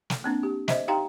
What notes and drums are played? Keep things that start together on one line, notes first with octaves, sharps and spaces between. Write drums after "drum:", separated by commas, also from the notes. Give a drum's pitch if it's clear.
drum: snare
A#3 C4 D4
G4
C5 D#5 E5, drum: snare
D#4 G4 F5 G5 A#5 C6